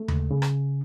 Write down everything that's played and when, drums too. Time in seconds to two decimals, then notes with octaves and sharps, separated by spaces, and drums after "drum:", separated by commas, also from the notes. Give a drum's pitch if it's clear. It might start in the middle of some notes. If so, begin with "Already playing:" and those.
Already playing: A3
0.08 C#2, drum: tom D#2
0.31 C#3
0.42 drum: rim click